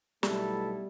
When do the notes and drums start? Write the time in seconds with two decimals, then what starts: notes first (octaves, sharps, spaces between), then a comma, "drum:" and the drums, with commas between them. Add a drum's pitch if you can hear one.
0.23 B1 B2 G3 A3 E4 A4, drum: snare